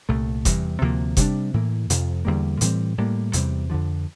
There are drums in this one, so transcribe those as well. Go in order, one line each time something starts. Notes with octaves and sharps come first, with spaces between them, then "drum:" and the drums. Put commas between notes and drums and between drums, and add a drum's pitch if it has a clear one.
C2 A#2 A3
E2 C3 G3, drum: kick F1, hi-hat
D2 C3 F3 A#3
C3 G3 D4, drum: kick F1, hi-hat
A2 E3 A#3
F2 C3 F3, drum: hi-hat
E2 D3 G3 A#3
A2 E3 G3 C4, drum: hi-hat
A2 G3 A#3
E2 C3 G3, drum: hi-hat
F2 D3 F3